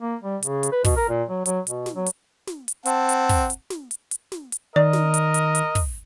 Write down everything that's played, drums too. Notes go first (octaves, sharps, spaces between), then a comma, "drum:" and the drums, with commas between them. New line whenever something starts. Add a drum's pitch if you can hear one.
A#3
G3
C#3, drum: hi-hat
drum: hi-hat
B4
B2, drum: kick, open hi-hat
A#4
A#2
F#3
F#3, drum: hi-hat
B2, drum: hi-hat
drum: snare
F#3
drum: hi-hat
drum: snare
drum: hi-hat
C4 F#5 A5, drum: hi-hat
drum: hi-hat
drum: kick, open hi-hat
drum: hi-hat
drum: snare
drum: hi-hat
drum: hi-hat
drum: snare
drum: hi-hat
D#3 A#4 D5 D#5
drum: snare
drum: hi-hat
drum: hi-hat
drum: hi-hat
drum: kick, open hi-hat